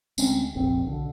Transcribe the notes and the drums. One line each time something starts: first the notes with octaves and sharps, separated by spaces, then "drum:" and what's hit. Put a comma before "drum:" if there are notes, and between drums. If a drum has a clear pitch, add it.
D2 G#3 C4 C#4, drum: tambourine
F1 A#1 C4
B1 D3